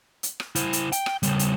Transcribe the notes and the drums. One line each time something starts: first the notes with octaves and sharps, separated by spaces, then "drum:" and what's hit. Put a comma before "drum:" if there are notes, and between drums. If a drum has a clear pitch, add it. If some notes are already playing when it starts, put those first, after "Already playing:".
drum: hi-hat
drum: rim click
E4 C5, drum: hi-hat
drum: hi-hat
G5, drum: hi-hat
drum: rim click
C#3 G3, drum: hi-hat
drum: hi-hat